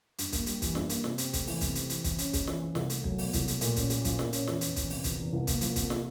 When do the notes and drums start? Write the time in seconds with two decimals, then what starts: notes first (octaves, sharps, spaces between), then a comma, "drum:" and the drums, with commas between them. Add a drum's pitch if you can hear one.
0.18 G2, drum: hi-hat
0.32 A#3, drum: kick, hi-hat
0.46 G3, drum: hi-hat
0.62 E3, drum: kick, hi-hat
0.75 G2, drum: snare
0.89 A#3, drum: hi-hat
1.04 C3, drum: snare
1.18 C4, drum: hi-hat
1.33 A3, drum: kick, hi-hat
1.47 E3, drum: open hi-hat
1.61 C3, drum: kick, hi-hat
1.75 C4, drum: hi-hat
1.89 E3, drum: hi-hat
2.04 E3, drum: kick, hi-hat
2.18 C#4, drum: hi-hat
2.33 G#3, drum: kick, hi-hat
2.47 E3, drum: snare
2.61 E3
2.75 C2, drum: snare
2.90 A3, drum: hi-hat
3.04 F#3, drum: kick
3.18 B2, drum: open hi-hat
3.33 C2, drum: kick, hi-hat
3.48 A3, drum: hi-hat
3.61 A#2, drum: hi-hat
3.76 C#4, drum: kick, hi-hat
3.90 G#3, drum: hi-hat
4.04 F3, drum: kick, hi-hat
4.19 A#2, drum: snare
4.33 C#4, drum: hi-hat
4.47 E2, drum: snare
4.61 E2, drum: hi-hat
4.76 E3, drum: kick, hi-hat
4.90 C3, drum: open hi-hat
5.04 E2, drum: kick, hi-hat
5.18 E2
5.33 C2
5.47 A#3, drum: kick, hi-hat
5.61 F3, drum: hi-hat
5.76 C3, drum: kick, hi-hat
5.90 drum: snare